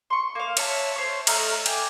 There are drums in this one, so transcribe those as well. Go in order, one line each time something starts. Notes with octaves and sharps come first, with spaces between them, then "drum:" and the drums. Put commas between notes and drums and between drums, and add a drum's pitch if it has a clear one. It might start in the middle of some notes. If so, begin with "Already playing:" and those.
C6 C#6
A#3 F5
C#5 E5 A5, drum: cymbal
C5 C#5
A3 D#5 A#5 F6, drum: cymbal
D5 G5 G#5, drum: cymbal